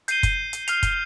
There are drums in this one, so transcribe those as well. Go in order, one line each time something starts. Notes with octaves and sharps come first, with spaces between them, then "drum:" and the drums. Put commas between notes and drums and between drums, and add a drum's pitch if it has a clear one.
G6 C7 D#7 G7, drum: hi-hat
drum: kick, hi-hat
drum: hi-hat
F6 C7 F7, drum: hi-hat
drum: kick, hi-hat